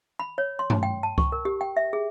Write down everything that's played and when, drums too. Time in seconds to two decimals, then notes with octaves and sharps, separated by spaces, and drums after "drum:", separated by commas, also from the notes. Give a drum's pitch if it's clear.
0.19 B5
0.38 C#5
0.59 C6
0.70 drum: tom
0.83 G5
1.03 A5
1.18 C#6, drum: kick C#2
1.32 A#4
1.45 G4
1.61 G5
1.77 E5
1.93 G#4